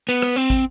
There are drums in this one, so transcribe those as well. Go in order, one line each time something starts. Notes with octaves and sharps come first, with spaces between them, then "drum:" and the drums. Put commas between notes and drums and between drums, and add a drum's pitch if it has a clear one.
B3, drum: hi-hat
drum: rim click
C4, drum: hi-hat
drum: kick, hi-hat